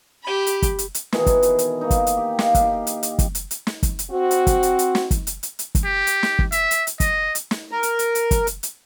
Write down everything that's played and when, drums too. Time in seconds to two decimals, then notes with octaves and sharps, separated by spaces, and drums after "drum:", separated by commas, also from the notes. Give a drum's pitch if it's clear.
0.24 G4 B5
0.47 drum: hi-hat
0.63 drum: kick, hi-hat
0.79 drum: hi-hat
0.95 drum: hi-hat
1.12 B2 D#3 E3 G#4, drum: snare
1.27 drum: kick, hi-hat
1.43 drum: hi-hat
1.59 drum: hi-hat
1.81 A#3 D#4
1.91 drum: kick, hi-hat
2.07 drum: hi-hat
2.17 G4
2.39 G4 D#5 F5, drum: snare
2.55 drum: kick, hi-hat
2.64 G4
2.87 drum: hi-hat
3.03 drum: hi-hat
3.19 drum: kick, hi-hat
3.35 drum: hi-hat
3.51 drum: hi-hat
3.67 drum: snare
3.83 drum: kick, hi-hat
3.99 drum: hi-hat
4.11 C4 F#4
4.31 drum: hi-hat
4.47 drum: kick, hi-hat
4.63 drum: hi-hat
4.79 drum: hi-hat
4.95 drum: snare
5.11 drum: kick, hi-hat
5.27 drum: hi-hat
5.43 drum: hi-hat
5.59 drum: hi-hat
5.75 drum: kick, hi-hat
5.85 G4
6.07 drum: hi-hat
6.23 drum: snare
6.39 drum: kick
6.52 E5, drum: hi-hat
6.71 drum: hi-hat
6.87 drum: hi-hat
7.00 D#5, drum: kick, hi-hat
7.35 drum: hi-hat
7.51 drum: snare
7.71 A#4
7.83 drum: hi-hat
7.99 drum: hi-hat
8.15 drum: hi-hat
8.31 drum: kick, hi-hat
8.47 drum: hi-hat
8.63 drum: hi-hat